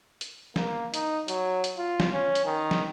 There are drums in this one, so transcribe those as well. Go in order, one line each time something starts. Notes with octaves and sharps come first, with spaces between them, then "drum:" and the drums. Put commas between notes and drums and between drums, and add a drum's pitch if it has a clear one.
drum: hi-hat
A#3, drum: snare
D#4, drum: hi-hat
F#3, drum: hi-hat
drum: hi-hat
F4
drum: snare
C#4
drum: hi-hat
D#3
drum: snare